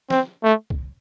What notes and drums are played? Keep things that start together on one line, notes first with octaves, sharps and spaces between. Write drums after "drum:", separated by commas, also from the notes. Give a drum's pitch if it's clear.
C4, drum: snare
A3
drum: kick C2